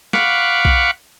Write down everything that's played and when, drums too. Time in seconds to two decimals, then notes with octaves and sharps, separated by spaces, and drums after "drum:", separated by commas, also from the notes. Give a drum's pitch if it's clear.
0.13 F5 F#5 B5 C#6 D6, drum: snare
0.65 drum: kick B1